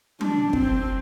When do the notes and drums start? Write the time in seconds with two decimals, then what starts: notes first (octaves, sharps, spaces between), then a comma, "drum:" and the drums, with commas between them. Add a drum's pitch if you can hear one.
0.21 D4, drum: tom F#3
0.53 C4, drum: kick